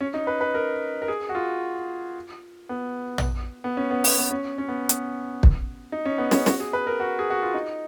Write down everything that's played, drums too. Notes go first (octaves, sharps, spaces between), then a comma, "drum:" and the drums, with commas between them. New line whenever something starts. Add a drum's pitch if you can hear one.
C#4
D#4
B4
B4
A#4
A#4
G#4
F#4
F4
B3
drum: tom A#1
B3
C#4
B3
B3, drum: open hi-hat
B3
C#4
C#4
B3
B3, drum: hi-hat
drum: kick
D#4
C#4
B3
C#4, drum: snare
F#4, drum: snare
G#4
B4
A#4
F#4
G#4
F#4
F4
D#4